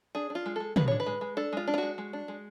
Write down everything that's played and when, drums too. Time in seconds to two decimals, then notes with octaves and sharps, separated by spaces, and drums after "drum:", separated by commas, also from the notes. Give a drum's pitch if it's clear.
0.15 D4 G#4
0.30 D4
0.35 F4
0.46 G#3
0.56 G#3 A4
0.76 G#3 B4, drum: tom
0.88 D4 C#5
1.00 B4
1.06 G#3
1.21 G#3
1.37 D4 A4
1.53 G#3 F4
1.68 D4
1.74 F4
1.78 G#3 F#4
1.98 G#3
2.13 D4
2.28 G#3